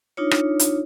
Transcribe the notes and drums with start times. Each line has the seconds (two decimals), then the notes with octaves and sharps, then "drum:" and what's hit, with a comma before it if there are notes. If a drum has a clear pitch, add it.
0.17 D4 D#4 F4 C#5
0.31 drum: rim click
0.59 drum: hi-hat